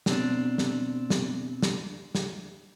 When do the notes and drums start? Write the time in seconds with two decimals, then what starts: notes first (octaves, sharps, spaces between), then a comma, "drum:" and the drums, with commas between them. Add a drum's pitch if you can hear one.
0.06 B2 C4 D4, drum: snare
0.58 drum: snare
1.10 drum: snare
1.63 drum: snare
2.15 drum: snare